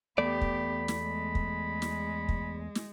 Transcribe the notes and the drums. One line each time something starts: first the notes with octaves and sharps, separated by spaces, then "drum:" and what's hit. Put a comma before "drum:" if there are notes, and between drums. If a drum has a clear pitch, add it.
E2 A3 B3 G4 D5 B5
drum: kick
drum: snare
G#3
drum: kick
drum: snare
drum: kick
drum: snare